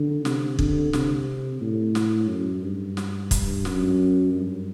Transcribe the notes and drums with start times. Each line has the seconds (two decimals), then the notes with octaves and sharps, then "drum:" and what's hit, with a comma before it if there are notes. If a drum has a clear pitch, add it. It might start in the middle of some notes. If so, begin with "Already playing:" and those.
Already playing: D3
0.25 C3, drum: snare
0.59 D3, drum: kick
0.93 C3, drum: snare
1.61 A2
1.95 drum: snare
2.29 F#2
2.63 G2
2.97 drum: snare
3.31 drum: kick, hi-hat
3.65 F#2, drum: snare
4.33 G2